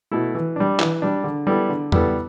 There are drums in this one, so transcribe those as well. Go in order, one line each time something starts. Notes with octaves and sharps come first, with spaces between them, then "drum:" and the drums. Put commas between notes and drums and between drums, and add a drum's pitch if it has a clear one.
B2 A3 E4 A4
E3
G3 D4
E3, drum: clap
G3 D4
D3
G3 B3 E4 A4
D3
G3 B3 E4 A4, drum: tom